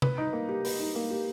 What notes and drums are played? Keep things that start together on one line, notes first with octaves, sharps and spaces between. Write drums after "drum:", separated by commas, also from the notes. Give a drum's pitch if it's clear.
B4, drum: tom C3
D#4
A#3
G4
B4, drum: open hi-hat
D#4
A#3
G4